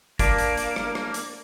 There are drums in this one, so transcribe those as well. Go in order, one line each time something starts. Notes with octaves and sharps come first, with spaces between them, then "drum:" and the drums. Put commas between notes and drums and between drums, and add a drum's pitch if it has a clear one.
A#3 D4, drum: kick, hi-hat
drum: hi-hat
drum: hi-hat
drum: rim click
drum: rim click
drum: hi-hat